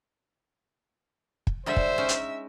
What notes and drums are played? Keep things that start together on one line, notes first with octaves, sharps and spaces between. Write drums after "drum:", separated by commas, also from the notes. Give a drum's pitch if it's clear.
drum: kick
D3 G3 G#3 C5 E5
drum: kick
G#3 C#4 D#4
drum: hi-hat